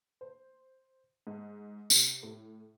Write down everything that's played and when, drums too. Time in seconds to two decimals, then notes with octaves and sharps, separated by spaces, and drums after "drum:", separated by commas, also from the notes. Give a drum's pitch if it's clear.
0.21 C5
1.27 G#2
1.90 C3, drum: tambourine
2.23 A2